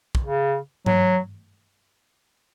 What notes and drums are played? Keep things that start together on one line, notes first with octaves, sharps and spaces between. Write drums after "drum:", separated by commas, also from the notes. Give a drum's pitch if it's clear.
drum: kick
C#3
F#3, drum: tom G2